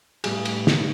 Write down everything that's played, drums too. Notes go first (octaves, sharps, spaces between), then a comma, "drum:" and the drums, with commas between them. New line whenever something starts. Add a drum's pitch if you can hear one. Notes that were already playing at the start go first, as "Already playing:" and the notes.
A2 G3 G#4, drum: cymbal
drum: cymbal
drum: snare